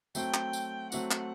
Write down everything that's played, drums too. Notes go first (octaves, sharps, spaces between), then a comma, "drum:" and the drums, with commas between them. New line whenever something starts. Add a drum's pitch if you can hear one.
F#3 A3 C4 F#4 G5, drum: tambourine
drum: clap
drum: tambourine
F#3 A3 C4 F#4 F#5, drum: tambourine
drum: clap